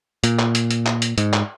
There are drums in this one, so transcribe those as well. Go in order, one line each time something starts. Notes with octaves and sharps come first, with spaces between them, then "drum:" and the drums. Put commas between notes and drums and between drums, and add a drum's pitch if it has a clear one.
A#2, drum: hi-hat
drum: clap
drum: hi-hat
drum: hi-hat
drum: clap
drum: hi-hat
G#2, drum: hi-hat
drum: clap